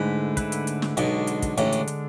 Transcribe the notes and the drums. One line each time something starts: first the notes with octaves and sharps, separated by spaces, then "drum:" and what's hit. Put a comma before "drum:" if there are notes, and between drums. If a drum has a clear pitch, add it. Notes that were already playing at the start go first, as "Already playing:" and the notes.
Already playing: G#2 D3 A3 E4 B4
D3 A3 E4 B4, drum: kick, hi-hat
drum: hi-hat
drum: hi-hat
drum: snare
B1 B2 D3 G#3 D4, drum: hi-hat
drum: hi-hat
drum: kick, hi-hat
A1 A2 D3 G#3 D4, drum: hi-hat
drum: hi-hat
drum: hi-hat